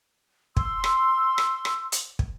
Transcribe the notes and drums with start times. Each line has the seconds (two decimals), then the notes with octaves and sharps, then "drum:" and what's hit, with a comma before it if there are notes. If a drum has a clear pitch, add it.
0.57 C6 E6, drum: kick
0.84 drum: rim click
1.38 drum: rim click
1.65 drum: rim click
1.92 drum: hi-hat
2.19 drum: kick